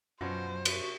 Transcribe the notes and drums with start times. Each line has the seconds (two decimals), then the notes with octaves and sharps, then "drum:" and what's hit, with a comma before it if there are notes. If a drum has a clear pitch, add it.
0.21 F#2 B2 F3 F#3 C#4 C5
0.65 F#4 C#6, drum: cymbal